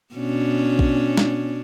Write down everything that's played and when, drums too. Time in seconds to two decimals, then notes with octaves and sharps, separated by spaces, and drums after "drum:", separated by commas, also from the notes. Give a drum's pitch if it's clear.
0.14 B2 C#4 D4
0.79 drum: kick A#1
1.17 drum: snare